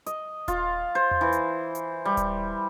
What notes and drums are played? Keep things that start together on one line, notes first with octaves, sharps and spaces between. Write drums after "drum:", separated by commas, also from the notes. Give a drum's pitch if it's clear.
D#5, drum: hi-hat
F4, drum: kick D#1, hi-hat
C5
drum: tom E2
E3
drum: hi-hat
drum: hi-hat
G3
drum: kick D#1, hi-hat